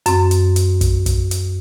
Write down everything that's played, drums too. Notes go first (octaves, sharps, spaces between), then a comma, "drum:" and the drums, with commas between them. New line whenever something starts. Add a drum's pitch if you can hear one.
F#2 C4, drum: hi-hat
drum: hi-hat
drum: hi-hat
drum: kick, hi-hat
drum: kick, hi-hat
drum: hi-hat